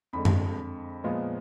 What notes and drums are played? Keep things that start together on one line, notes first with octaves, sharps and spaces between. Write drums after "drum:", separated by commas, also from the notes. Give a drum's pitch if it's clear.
F2 D3 G#3 B5
drum: tom F#2
A#2 F3 G#3 B3